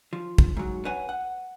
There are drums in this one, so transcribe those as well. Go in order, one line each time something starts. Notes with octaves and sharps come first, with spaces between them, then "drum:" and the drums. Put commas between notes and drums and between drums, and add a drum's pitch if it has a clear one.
F3
drum: kick
G#2 F#3
B4 C#5 F#5 G#5
F#5